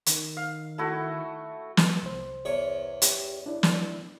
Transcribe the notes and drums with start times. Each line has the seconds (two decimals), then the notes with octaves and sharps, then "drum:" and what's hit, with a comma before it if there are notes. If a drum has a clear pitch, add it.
0.06 D#3, drum: hi-hat
0.37 F5
0.78 A3 E4 F#4
1.77 drum: snare
2.02 C2 C5
2.45 E2 C#5
3.02 G4, drum: hi-hat
3.46 D4 E4 D5
3.63 drum: snare